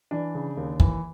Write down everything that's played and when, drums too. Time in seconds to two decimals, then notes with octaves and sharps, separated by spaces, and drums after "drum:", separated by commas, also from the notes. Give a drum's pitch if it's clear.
0.11 E3 D4
0.35 C#3
0.57 D#2
0.80 E3, drum: kick